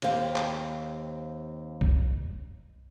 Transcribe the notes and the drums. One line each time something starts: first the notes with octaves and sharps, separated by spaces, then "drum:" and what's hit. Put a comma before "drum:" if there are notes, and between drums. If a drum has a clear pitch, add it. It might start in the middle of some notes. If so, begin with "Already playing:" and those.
D#2 C4 G4 F5, drum: cymbal
drum: clap
drum: kick B1